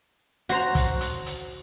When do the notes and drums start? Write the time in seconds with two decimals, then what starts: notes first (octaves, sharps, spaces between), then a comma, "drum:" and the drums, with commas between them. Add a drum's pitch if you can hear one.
0.49 F#4 C5 A#5
0.75 drum: kick, hi-hat
1.01 drum: hi-hat
1.26 drum: hi-hat